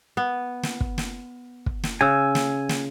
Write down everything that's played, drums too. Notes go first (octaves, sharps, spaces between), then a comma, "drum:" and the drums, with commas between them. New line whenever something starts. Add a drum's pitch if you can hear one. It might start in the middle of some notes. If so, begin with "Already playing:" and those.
B3
drum: snare
drum: kick
drum: snare
drum: kick
drum: snare
C#3 G#5 E6
drum: snare
drum: snare